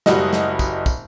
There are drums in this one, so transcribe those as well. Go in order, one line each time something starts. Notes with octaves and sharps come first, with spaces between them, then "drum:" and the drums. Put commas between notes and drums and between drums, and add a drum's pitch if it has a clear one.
F#1 G3 F#4 D#5, drum: snare
drum: snare
drum: kick, tambourine
drum: kick, tambourine